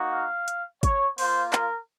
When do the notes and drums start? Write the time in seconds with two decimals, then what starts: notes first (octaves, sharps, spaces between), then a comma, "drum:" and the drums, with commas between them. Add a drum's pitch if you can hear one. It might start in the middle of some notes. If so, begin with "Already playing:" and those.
Already playing: A#3 D#4 F#4
0.12 F5
0.48 drum: hi-hat
0.83 C#5, drum: kick, hi-hat
1.18 A#3 F4 C5, drum: open hi-hat
1.53 A#4, drum: clap